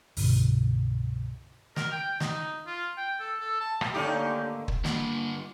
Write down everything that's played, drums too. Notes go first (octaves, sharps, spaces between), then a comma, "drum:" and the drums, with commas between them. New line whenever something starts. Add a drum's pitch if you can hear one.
C2 G2 B2 D3, drum: open hi-hat
A#4, drum: snare
G5
D#4, drum: snare
F4
G5
A4
A4
A5
drum: rim click
D3 D#3 A3 A#3 C#4 D#4 G4
drum: kick
D3 G3 A#3, drum: snare